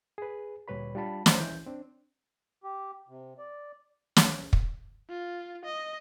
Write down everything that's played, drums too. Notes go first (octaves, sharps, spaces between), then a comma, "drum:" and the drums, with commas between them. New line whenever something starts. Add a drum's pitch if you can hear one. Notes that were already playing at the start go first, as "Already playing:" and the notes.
G#4 B4
D2 A#2 G3 B4 C#5 B5
G3 D4 F4 A5 B5
C5 D5 D#5 A#5 C6, drum: snare
E3 G6
C4 D4
G4
C3
D5
drum: snare
drum: kick
F4
D#5